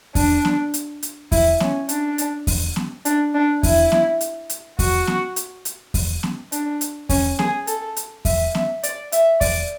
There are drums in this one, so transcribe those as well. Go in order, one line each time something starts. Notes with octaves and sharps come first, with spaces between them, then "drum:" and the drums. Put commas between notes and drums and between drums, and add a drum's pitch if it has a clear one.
D4, drum: kick E2, open hi-hat
drum: snare B3
drum: hi-hat
drum: hi-hat
E4, drum: kick E2, open hi-hat
C#4, drum: snare B3
D4, drum: hi-hat
drum: hi-hat
drum: kick E2, open hi-hat
drum: snare B3
D4, drum: hi-hat
D4
E4, drum: kick E2, open hi-hat
drum: snare B3
drum: hi-hat
drum: hi-hat
F#4, drum: kick E2, open hi-hat
drum: snare B3
drum: hi-hat
drum: hi-hat
drum: kick E2, open hi-hat
drum: snare B3
D4, drum: hi-hat
drum: hi-hat
C#4, drum: kick E2, open hi-hat
G#4, drum: snare B3
A4, drum: hi-hat
drum: hi-hat
E5, drum: kick E2, open hi-hat
E5, drum: snare B3
D5, drum: hi-hat
E5, drum: hi-hat
D5, drum: kick E2, open hi-hat